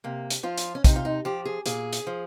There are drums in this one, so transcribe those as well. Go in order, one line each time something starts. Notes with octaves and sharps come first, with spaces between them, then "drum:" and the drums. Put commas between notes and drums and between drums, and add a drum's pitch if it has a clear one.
C3 A#3
drum: hi-hat
F3 F4
drum: hi-hat
C#4
C3 D#4, drum: kick, hi-hat
F4
D#4
F3 G4
G#4
A#2 G#4, drum: hi-hat
drum: hi-hat
F3